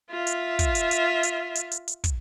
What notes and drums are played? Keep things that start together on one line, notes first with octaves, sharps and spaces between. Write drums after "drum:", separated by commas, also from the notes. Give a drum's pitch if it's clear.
F4 E5
drum: hi-hat
drum: kick, hi-hat
drum: hi-hat
drum: hi-hat
drum: hi-hat
drum: hi-hat
drum: hi-hat
drum: hi-hat
drum: kick, hi-hat